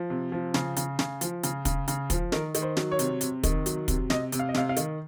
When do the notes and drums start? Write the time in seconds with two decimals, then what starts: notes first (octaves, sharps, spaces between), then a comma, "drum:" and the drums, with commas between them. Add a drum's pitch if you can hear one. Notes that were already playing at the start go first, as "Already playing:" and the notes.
Already playing: F3
0.10 C3
0.32 F3
0.54 C#3, drum: snare
0.77 C#3, drum: hi-hat
0.99 C#3, drum: snare
1.21 F3, drum: hi-hat
1.43 C#3, drum: hi-hat
1.65 C#3, drum: kick, hi-hat
1.88 C#3, drum: hi-hat
2.10 F3, drum: kick, hi-hat
2.32 D#3 A#4, drum: snare
2.55 D#3, drum: hi-hat
2.62 C5
2.77 F#3, drum: snare
2.91 C#5
2.99 C3, drum: hi-hat
3.21 C3, drum: hi-hat
3.44 D#3, drum: kick, hi-hat
3.66 F#3, drum: hi-hat
3.88 C3, drum: kick, hi-hat
4.10 C3 D#5, drum: snare
4.32 C3, drum: hi-hat
4.39 F5
4.49 D#5
4.54 C3 F5, drum: snare
4.69 F5
4.77 D#3, drum: hi-hat